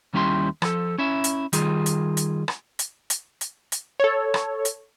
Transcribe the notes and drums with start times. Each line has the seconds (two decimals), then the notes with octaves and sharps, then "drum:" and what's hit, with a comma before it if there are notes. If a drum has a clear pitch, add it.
0.13 D#2 G3 C#4 E4 G4 C6
0.62 F3 A4, drum: rim click
0.98 C#4 E4 E5
1.24 drum: hi-hat
1.53 D#3 G3 F4 G#4, drum: hi-hat
1.86 drum: hi-hat
2.17 drum: hi-hat
2.48 drum: rim click
2.79 drum: hi-hat
3.10 drum: hi-hat
3.41 drum: hi-hat
3.72 drum: hi-hat
4.00 A4 C#5
4.34 drum: rim click
4.65 drum: hi-hat